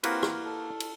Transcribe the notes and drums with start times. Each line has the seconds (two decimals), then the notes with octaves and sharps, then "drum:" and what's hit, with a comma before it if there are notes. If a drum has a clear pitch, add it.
0.03 A#3 C4 E4 F#4 G4 B4 F6, drum: cymbal
0.23 drum: rim click
0.45 A4
0.80 drum: cymbal